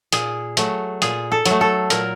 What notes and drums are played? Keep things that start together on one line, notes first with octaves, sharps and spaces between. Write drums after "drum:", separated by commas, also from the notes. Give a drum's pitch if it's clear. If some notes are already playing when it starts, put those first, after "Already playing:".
A#2 G#4, drum: hi-hat
F#3 A3, drum: hi-hat
A#2 G#4, drum: hi-hat
A4
F#3, drum: hi-hat
A3
A4
A#2 A#4, drum: hi-hat